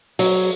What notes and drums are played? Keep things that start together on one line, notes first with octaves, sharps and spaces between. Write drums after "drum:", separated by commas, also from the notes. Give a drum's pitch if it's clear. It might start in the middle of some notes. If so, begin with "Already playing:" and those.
F#3, drum: open hi-hat